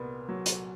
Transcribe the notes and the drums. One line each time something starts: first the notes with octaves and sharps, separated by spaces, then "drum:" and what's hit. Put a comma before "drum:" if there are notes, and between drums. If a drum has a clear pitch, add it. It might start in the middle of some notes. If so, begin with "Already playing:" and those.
Already playing: C2 A#2 B3
F#3
drum: hi-hat